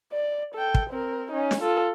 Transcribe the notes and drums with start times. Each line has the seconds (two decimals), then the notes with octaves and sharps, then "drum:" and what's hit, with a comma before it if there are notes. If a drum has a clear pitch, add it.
0.13 D5
0.55 A4 G5
0.74 drum: kick
0.90 C4 A#4
1.31 C#4 D#4
1.51 drum: snare
1.61 F4 A4